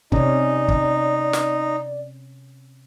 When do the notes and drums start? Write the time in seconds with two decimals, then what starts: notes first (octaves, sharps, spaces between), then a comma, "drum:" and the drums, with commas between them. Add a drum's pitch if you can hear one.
0.12 C3 C#4 D#4 D5, drum: kick
0.68 drum: kick
1.33 drum: snare